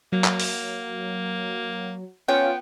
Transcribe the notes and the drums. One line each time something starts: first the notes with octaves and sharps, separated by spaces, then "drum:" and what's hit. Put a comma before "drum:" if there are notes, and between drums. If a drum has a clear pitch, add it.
F#3 A#3
drum: clap
drum: open hi-hat
B3 C#4 F4 G5